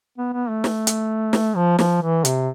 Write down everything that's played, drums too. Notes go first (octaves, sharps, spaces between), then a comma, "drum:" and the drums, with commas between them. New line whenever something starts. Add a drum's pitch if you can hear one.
B3
B3
A3
drum: snare
drum: hi-hat
drum: snare
F3
F3, drum: snare
E3
C3, drum: hi-hat